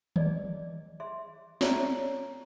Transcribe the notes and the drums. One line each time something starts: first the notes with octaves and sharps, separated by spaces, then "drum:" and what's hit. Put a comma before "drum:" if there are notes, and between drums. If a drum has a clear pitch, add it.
G#4 D5 D#5, drum: tom D#3
G#4 E5 C6
G4 C#5 D5 E5 A#5, drum: snare